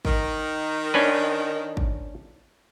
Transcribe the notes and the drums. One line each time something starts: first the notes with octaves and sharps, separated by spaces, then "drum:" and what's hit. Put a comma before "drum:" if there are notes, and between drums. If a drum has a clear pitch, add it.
D#3, drum: kick
C#4 D4 B4
drum: kick